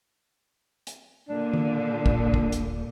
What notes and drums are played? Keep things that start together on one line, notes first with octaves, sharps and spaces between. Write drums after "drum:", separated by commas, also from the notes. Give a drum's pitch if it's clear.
drum: hi-hat
A#2 D3 D4
drum: tom D#3
D#1, drum: kick
drum: kick
drum: hi-hat